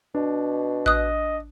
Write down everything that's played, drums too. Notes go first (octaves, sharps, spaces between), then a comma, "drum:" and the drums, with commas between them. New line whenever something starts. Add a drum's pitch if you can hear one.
B2 D4
D#5 D#6 F#6, drum: kick A1